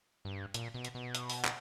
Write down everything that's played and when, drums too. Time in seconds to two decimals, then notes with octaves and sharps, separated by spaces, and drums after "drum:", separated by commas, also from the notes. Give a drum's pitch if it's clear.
0.25 G2
0.54 A#2, drum: hi-hat
0.74 B2
0.85 drum: hi-hat
0.95 B2
1.15 drum: hi-hat
1.30 drum: open hi-hat
1.45 drum: clap